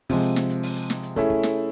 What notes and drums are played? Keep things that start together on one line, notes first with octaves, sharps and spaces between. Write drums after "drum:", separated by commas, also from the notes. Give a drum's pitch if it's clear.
C3 F3 G#3, drum: kick, open hi-hat
drum: hi-hat
drum: snare
drum: hi-hat
drum: open hi-hat
drum: hi-hat
drum: snare
drum: hi-hat
A3 C#4 E4 G#4, drum: kick, hi-hat
drum: kick
drum: snare